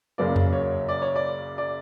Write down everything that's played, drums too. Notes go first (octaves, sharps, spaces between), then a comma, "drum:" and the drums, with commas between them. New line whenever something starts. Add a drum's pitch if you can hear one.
F#2 C#3 F#3 A#3 D5
drum: tom F2
C#5
D5
C#5
D5
D5